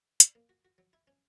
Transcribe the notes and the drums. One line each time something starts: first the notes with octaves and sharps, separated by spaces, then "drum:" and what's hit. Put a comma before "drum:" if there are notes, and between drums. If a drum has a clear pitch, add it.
D4, drum: hi-hat
A#3
F#4
F#4
F#3
E4
C#4